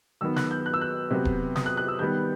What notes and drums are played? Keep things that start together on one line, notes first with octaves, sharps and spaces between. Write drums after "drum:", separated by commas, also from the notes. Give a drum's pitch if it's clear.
D#3 F#3 B3 E6
F#6, drum: snare
G6
F#6
E6
F#6
C3 F#3 B3
drum: kick D#1
D#6, drum: snare
F#6
F#6
E6
D#3 G3 B3 G6